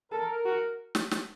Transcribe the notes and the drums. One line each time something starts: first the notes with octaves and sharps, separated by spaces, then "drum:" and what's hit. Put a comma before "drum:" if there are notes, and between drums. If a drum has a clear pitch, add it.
A4 A#4
F#4
drum: snare
drum: snare